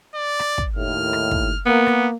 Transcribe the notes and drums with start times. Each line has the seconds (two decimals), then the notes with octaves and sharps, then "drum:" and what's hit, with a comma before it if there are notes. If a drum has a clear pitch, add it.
0.15 D5
0.39 drum: rim click
0.58 drum: kick
0.76 D#2 A2 F6
1.13 drum: rim click
1.31 drum: kick
1.66 A#3 B3
1.86 drum: rim click